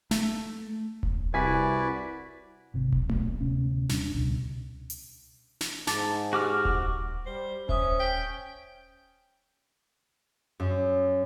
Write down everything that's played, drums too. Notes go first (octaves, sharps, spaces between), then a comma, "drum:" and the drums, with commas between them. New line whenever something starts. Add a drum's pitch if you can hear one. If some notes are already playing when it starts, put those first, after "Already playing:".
A3, drum: snare
drum: kick D#1
C2 E4 F#4 B4 D5 G#5 B6
G#1 C3
B1, drum: kick D#1
drum: tom A3
D1 C3 B3 C#4
D#1 G3 C#4 D4, drum: snare
C#2 B2
drum: hi-hat
drum: snare
G#2 A5 D6 A6, drum: snare
F#4 G4 D6 F6
drum: kick D#1
G3 C5
C#4 C5 E5 D#6, drum: kick D#1
G5 B6
F#2